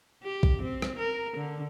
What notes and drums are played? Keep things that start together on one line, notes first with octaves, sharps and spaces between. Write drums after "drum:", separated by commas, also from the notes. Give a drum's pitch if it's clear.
G4
drum: kick A#1
C4
drum: rim click
A#4
D3